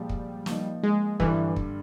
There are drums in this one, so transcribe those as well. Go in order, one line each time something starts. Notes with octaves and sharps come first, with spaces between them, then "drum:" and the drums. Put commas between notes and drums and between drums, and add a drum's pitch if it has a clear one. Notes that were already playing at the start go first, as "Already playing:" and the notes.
Already playing: A#2 F3 G3 G#3
drum: kick
F3 A#3 D#4, drum: snare
G#3
G2 D3 E3 G3, drum: kick
drum: kick